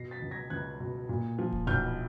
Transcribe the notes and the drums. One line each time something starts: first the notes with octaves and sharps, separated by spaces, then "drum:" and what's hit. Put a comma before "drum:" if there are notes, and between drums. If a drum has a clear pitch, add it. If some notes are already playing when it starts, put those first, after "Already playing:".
Already playing: B2 A#6 C7
A6 B6
C#2
G#6 A#6
C#2 F#6 G#6
B2
A#2
F3
drum: kick D1
B1 F6 G6